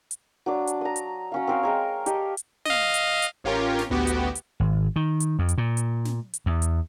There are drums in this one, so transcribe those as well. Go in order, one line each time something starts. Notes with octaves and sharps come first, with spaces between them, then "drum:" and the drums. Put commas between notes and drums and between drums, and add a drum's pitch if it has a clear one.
drum: hi-hat
F#3 D4 D6
drum: hi-hat
A#5 D#6
drum: hi-hat
F#3 C#4 F5
C4 A#4 C5
G#3 A#4 C#5
G4 A4 A#4 D#5, drum: hi-hat
drum: hi-hat
D#5 F5, drum: snare
drum: hi-hat
drum: hi-hat
A1 C#4 F4 G4 A#4 C#5
drum: snare
A1 D2 B3 F#4 G4
drum: hi-hat
drum: hi-hat
G#1
D#3
drum: hi-hat
F2
drum: hi-hat
A#2
drum: hi-hat
drum: snare
drum: hi-hat
E2
drum: hi-hat